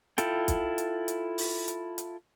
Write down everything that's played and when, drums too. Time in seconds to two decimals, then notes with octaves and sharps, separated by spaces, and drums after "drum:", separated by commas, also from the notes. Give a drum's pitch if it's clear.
0.18 E4 F4 A4 G5, drum: hi-hat
0.48 drum: kick, hi-hat
0.78 drum: hi-hat
1.08 drum: hi-hat
1.38 drum: open hi-hat
1.68 drum: hi-hat
1.98 drum: hi-hat